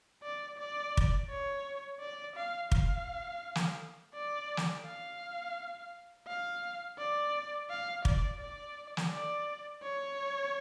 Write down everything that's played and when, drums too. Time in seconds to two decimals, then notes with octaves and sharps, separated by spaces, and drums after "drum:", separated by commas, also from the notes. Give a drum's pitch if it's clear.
0.23 D5
0.58 D5
0.97 drum: kick
1.30 C#5
2.00 D5
2.36 F5
2.72 F5, drum: kick
3.55 drum: snare
4.14 D5
4.57 drum: snare
4.86 F5
6.27 F5
6.98 D5
7.70 F5
8.05 D5, drum: kick
8.41 D5
8.97 drum: snare
9.11 D5
9.83 C#5